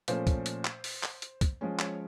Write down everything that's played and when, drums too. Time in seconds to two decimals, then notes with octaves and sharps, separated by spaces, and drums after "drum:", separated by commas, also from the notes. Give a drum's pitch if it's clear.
0.08 A#2 F3 A3 C#4 C5, drum: hi-hat
0.27 drum: kick, hi-hat
0.46 drum: hi-hat
0.65 drum: clap
0.84 drum: open hi-hat
1.03 drum: clap
1.22 drum: hi-hat
1.41 drum: kick, hi-hat
1.61 F3 G#3 C#4
1.79 C#5, drum: clap